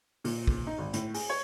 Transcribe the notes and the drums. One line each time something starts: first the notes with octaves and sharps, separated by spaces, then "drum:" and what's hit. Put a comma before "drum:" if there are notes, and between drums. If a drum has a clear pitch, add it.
A#2, drum: open hi-hat
drum: kick
D#4
G#1
A2, drum: hi-hat
G#4, drum: open hi-hat
C#5